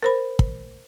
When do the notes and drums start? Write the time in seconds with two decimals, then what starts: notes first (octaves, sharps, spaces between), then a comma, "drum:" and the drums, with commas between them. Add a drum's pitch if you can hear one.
0.03 A#4 C5 B5
0.39 drum: kick